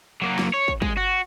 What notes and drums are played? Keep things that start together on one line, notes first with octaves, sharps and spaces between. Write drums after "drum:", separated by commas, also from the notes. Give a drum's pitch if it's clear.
F#3 A#3
drum: snare
C#5
drum: kick
G#3, drum: kick
F#4